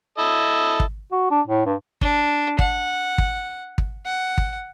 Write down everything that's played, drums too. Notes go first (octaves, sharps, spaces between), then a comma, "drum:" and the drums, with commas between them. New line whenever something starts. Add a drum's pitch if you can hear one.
E4 A4 D#5
drum: kick
F#4
D4
A2
G2
D4, drum: kick
F#5, drum: kick
drum: kick
drum: kick
F#5
drum: kick